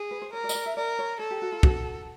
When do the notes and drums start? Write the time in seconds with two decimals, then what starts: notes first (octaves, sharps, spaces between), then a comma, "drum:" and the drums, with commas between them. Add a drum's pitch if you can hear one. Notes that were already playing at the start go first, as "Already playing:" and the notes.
Already playing: G#4
0.11 B4
0.22 C5
0.33 A#4 C#5
0.44 D5
0.49 D#5, drum: tambourine
0.55 D5
0.66 E5
0.76 A#4 D5
0.99 C#5
1.19 A4 C#5
1.31 G4
1.42 F#4
1.52 F4
1.63 F#4, drum: kick